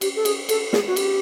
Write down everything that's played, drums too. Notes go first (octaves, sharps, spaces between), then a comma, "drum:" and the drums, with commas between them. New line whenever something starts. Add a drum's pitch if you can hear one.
G4, drum: cymbal
A4
G#4, drum: cymbal
A4, drum: cymbal
G#4, drum: snare
F#4
G4, drum: cymbal